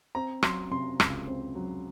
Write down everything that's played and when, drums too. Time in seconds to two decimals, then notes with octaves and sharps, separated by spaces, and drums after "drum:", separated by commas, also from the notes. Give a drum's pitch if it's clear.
0.15 C4 A#5
0.43 F#3 C6, drum: rim click
0.71 C3 C6
1.00 C#2, drum: rim click
1.27 C4
1.55 F#3